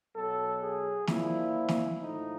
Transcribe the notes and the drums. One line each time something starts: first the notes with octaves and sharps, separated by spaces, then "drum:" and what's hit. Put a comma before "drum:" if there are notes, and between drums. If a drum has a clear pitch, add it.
B2 F#3 A4
G#4
A#2 F3 E4, drum: snare
drum: snare
A2 F3 D#4